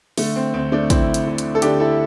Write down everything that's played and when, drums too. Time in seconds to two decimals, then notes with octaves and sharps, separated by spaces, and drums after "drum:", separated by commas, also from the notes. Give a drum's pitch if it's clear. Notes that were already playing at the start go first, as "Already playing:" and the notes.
0.17 D3 A3, drum: open hi-hat
0.36 C4
0.54 D2 C4
0.72 A3 D4
0.90 D2 C4 E4, drum: kick, hi-hat
1.14 drum: hi-hat
1.27 D3
1.38 drum: hi-hat
1.55 A4
1.62 D3 D4 G4, drum: hi-hat
1.80 E4 A4